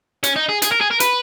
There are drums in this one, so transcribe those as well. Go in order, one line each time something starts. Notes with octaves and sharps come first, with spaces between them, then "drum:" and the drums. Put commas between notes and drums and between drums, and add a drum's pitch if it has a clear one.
C#4, drum: hi-hat
D#4
G#4
G#4, drum: hi-hat
A#4
G#4
A#4
B4, drum: hi-hat